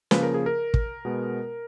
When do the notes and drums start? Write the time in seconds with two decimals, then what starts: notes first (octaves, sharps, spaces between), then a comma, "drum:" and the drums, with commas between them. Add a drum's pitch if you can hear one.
0.11 C#3 F3 A#3 B4, drum: snare
0.23 A#4
0.34 G#4
0.46 A#4
0.74 drum: kick
1.05 B2 G#3 B3